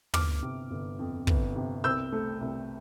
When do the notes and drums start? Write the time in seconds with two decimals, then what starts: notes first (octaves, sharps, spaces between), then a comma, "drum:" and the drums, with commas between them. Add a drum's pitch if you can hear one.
0.14 G1 D6 F6, drum: tom
0.42 C3
0.71 G1
0.99 F2
1.27 G1, drum: kick
1.56 C3
1.84 C2 E6 G6
2.12 A3
2.41 C2